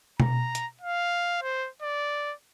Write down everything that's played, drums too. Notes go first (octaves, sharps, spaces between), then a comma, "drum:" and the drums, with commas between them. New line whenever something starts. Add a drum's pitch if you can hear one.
A#5, drum: tom B2
drum: hi-hat
F5
C5
D5